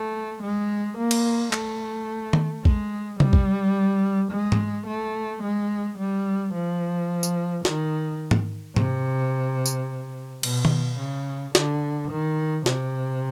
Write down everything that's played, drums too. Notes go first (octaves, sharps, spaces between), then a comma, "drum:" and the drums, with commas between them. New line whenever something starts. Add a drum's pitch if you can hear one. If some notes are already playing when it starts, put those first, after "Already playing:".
Already playing: A3
G#3
A#3
drum: cymbal
A3, drum: clap
drum: tom D#3
G#3, drum: kick A#1
G3, drum: tom C3
drum: kick A#1
G#3
drum: tom G#2
A3
G#3
G3
F3
drum: tambourine
D#3, drum: snare
drum: tom G#2
C3, drum: tom G#2
drum: tambourine
B2, drum: cymbal
drum: tom D#3
C#3
D3, drum: snare
D#3
C3, drum: snare